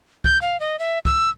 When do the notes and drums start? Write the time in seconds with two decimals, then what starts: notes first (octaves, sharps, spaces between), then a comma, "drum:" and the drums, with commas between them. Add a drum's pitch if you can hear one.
0.24 G6, drum: kick
0.41 F5
0.60 D#5
0.79 E5
1.05 E6, drum: kick